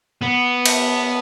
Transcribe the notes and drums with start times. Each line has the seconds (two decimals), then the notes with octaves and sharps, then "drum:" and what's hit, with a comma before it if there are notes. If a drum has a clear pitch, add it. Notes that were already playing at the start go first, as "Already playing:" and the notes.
0.22 B3
0.66 drum: cymbal